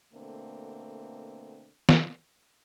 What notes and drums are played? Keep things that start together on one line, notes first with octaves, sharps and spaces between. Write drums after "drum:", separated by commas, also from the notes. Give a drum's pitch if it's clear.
B2 D3 A3 A#3 C4
drum: snare